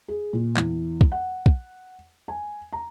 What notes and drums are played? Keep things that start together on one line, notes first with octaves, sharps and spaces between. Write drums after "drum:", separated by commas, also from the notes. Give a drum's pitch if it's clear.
G#4
A#2
E2, drum: clap
drum: kick
F#5
drum: kick
G#5
A#5